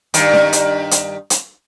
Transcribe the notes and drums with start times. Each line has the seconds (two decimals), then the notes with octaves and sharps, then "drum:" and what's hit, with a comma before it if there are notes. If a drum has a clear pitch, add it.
0.14 G2 D#3, drum: hi-hat
0.33 drum: snare C#4
0.53 drum: hi-hat
0.91 drum: hi-hat
1.30 drum: hi-hat